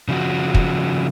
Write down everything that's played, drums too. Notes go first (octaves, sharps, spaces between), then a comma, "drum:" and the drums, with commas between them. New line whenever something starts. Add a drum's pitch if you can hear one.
C#3 F3 F#4
drum: kick